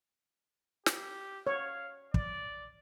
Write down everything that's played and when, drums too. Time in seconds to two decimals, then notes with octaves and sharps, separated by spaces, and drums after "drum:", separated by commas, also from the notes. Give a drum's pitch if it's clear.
0.86 G4, drum: snare
1.47 C#5 F5
2.14 D5, drum: kick